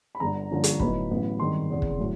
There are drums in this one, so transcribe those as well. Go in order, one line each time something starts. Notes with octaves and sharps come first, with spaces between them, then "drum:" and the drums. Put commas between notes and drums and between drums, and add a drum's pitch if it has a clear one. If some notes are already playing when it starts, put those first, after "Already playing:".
B5
G1 G2 D3 A#5
G2 D3 F3 A#3 C#4
drum: hi-hat
A2 F#3 B3 D#4 B5, drum: kick
A1 A2 F#3 B3
G#1 G2 D#3 G#3 C6
F1 E2 C#3
drum: kick
A2 F#3